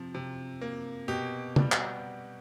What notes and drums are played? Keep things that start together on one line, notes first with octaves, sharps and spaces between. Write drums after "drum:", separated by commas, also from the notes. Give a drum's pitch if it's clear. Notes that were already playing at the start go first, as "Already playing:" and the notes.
Already playing: C3 F3
C3
A#3
B2 G4
G3, drum: tom
F#4, drum: clap